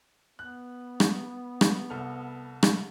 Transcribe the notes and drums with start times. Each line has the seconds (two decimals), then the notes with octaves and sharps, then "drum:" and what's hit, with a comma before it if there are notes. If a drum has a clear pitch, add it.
0.39 B3 F#6
1.00 drum: rim click
1.61 drum: rim click
1.90 C2 A4 F6
2.63 drum: rim click